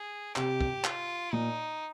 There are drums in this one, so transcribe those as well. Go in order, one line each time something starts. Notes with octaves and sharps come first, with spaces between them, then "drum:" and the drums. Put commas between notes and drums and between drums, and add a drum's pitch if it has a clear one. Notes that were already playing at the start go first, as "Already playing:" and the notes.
Already playing: G#4
C3 G4, drum: clap
drum: kick
F4, drum: clap
A#2 D#4